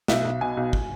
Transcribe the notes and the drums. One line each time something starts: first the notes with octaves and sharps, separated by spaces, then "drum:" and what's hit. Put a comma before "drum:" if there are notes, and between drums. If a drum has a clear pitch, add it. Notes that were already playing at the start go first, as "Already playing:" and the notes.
B1 E5, drum: snare
B1
B2 G#5
B1
drum: kick